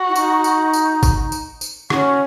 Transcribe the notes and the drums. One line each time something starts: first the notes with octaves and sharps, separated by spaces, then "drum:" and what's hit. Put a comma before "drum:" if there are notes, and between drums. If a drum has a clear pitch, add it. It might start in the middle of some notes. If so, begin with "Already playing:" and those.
Already playing: F#4
E4
D#4, drum: tambourine
drum: tambourine
drum: tambourine
drum: kick G#1, tambourine
drum: tambourine
drum: tambourine
C#4 F#4, drum: rim click